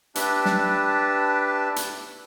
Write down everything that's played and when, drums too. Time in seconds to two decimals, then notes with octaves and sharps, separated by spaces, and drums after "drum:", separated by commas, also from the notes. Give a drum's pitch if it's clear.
0.15 D4 G4 B4 E5 A5, drum: hi-hat
0.45 drum: snare
1.76 drum: hi-hat